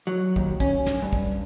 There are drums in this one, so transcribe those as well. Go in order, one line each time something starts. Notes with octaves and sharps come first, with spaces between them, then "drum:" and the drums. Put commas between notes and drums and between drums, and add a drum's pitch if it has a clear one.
F#3
D#2, drum: kick
C#4, drum: kick
drum: snare
G2
drum: kick